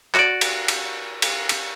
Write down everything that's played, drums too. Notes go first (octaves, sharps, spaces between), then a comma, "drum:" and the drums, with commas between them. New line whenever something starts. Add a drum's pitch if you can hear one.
F#4 D5, drum: clap
drum: cymbal
drum: cymbal
drum: cymbal
drum: cymbal